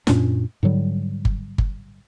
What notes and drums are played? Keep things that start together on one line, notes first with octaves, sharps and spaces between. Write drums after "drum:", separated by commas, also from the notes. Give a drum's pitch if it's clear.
F#2 A#2 C#4 D4, drum: snare
G#2 D3 F#3 G3
drum: kick G1
drum: kick G1